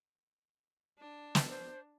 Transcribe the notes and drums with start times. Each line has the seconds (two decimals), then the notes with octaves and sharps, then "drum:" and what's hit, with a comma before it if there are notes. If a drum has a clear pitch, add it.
0.99 D4
1.35 drum: snare
1.49 C5